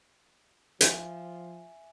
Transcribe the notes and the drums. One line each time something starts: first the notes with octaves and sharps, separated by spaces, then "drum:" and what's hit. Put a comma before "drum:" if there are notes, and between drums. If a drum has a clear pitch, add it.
F3 E5 G#5, drum: hi-hat